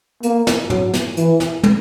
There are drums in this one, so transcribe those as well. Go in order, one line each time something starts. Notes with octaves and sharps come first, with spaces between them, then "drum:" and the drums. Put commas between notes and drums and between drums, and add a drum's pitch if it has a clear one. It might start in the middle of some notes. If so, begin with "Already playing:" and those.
A#3, drum: hi-hat
drum: snare
F#3, drum: tom
drum: snare
E3, drum: hi-hat
drum: snare
drum: tom